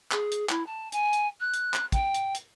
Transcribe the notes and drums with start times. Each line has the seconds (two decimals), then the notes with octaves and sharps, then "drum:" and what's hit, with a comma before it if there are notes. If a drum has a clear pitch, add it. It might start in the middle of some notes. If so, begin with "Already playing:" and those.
0.11 G#4, drum: clap
0.32 drum: hi-hat
0.49 E4, drum: clap
0.67 A5
0.92 G#5, drum: hi-hat
1.13 drum: hi-hat
1.40 F#6
1.54 drum: hi-hat
1.74 drum: clap
1.92 G5, drum: kick, hi-hat
2.14 drum: hi-hat
2.35 drum: hi-hat